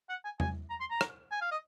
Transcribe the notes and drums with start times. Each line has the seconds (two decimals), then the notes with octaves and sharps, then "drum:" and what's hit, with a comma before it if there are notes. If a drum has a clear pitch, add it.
0.09 F#5
0.25 G#5
0.40 G#5, drum: tom E2
0.70 A#5
0.80 C6
0.90 A#5
1.01 drum: rim click
1.32 G#5
1.42 F5
1.51 D#5